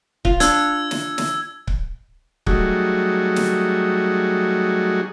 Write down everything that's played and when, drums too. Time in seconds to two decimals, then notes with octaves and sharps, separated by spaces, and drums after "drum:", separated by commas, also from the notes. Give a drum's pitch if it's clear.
0.25 F4, drum: kick C#1
0.40 D4 E6 G#6, drum: hi-hat
0.91 drum: snare
1.18 drum: snare
1.68 drum: kick C#1
2.47 F#3 G3 A3 D#4 F#4 G#4, drum: kick C#1
3.36 drum: snare